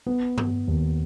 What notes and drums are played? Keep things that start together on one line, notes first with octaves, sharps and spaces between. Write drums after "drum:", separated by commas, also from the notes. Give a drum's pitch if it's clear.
B3
B3, drum: tom G2
D#2